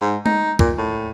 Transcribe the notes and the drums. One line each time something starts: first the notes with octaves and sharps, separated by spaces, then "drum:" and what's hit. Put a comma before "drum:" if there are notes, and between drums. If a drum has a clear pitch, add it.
G#2
D#4, drum: tom G#3
A#2, drum: kick
A2